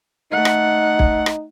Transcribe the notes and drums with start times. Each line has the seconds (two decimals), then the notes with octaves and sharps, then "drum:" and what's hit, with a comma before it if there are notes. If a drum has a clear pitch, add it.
0.32 A3 D#4 F#5
0.45 drum: rim click
0.99 drum: kick
1.26 drum: rim click